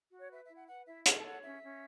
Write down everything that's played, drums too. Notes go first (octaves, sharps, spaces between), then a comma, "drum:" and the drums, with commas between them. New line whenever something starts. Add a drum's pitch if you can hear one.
F#4
C#5
B4 E5
E5
E4
F#5
B4 F#5
E4 E5
A4 A5, drum: hi-hat
A5
C#5 F#5
C#4 E5
C#4